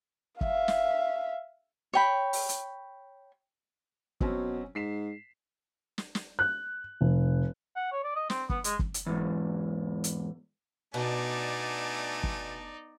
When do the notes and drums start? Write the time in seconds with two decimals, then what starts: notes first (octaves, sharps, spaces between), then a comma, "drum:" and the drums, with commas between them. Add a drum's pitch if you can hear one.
0.41 E5 F5, drum: kick
0.68 drum: snare
1.93 C#5 G5 B5
2.33 drum: open hi-hat
2.49 drum: hi-hat
4.21 B2 F#3 C4 C#4, drum: kick
4.75 G#2 B6 C7 E7
5.98 drum: snare
6.15 drum: snare
6.39 F#6
7.01 F1
7.76 F#5
7.92 C#5
8.04 D5
8.16 D#5
8.30 C4, drum: snare
8.49 B3, drum: kick
8.64 G#3, drum: hi-hat
8.79 drum: kick
8.94 drum: hi-hat
9.06 E2 G#2
10.04 drum: hi-hat
10.94 B2 A3 D4 D#4 D5 G#5
12.23 drum: kick